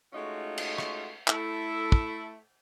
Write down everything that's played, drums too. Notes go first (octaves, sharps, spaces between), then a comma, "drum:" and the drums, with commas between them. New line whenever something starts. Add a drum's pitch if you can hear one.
G#3 A3 C#4 D#4 F4 F#4
drum: cymbal
drum: rim click
A3 E4 A4, drum: clap
drum: kick